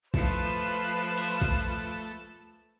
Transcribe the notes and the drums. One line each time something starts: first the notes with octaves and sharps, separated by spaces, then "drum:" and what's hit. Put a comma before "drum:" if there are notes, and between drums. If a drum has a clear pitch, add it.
F3 A3 B4 E7, drum: kick
drum: cymbal
drum: kick